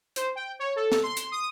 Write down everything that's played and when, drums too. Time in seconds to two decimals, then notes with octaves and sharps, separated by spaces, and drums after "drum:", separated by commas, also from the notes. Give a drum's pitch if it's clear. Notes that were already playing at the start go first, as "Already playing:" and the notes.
0.16 C5, drum: hi-hat
0.36 G5
0.59 C#5
0.76 A4
0.92 drum: snare
1.03 C6
1.17 drum: hi-hat
1.32 D#6